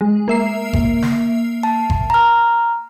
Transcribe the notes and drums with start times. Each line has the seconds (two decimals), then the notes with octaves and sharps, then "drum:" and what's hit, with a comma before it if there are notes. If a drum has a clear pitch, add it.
0.01 G#3
0.28 A#3 E5 C7
0.73 drum: kick G1
1.02 drum: snare
1.63 A5
1.90 drum: kick G1
2.10 A#5 F6